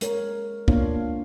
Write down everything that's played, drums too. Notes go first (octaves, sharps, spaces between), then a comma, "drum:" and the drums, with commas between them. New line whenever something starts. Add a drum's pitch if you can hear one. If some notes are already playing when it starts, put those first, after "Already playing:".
G#3 A#4 C#5, drum: hi-hat
A#3 B3 D4 F4 C#5 F5, drum: kick